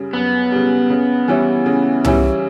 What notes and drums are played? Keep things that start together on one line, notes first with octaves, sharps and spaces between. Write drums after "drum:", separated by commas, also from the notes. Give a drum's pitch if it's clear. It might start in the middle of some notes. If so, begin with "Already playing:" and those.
Already playing: F#2 C#3 G3
F#2 B3
C#3 G3
C#3
E3 G3 C#4 E4
C#3
E3 G3 C#4 E4, drum: tom C2